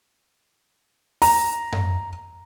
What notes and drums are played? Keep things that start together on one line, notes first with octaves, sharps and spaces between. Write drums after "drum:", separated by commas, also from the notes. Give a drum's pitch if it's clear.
A#5, drum: open hi-hat
drum: tom F#2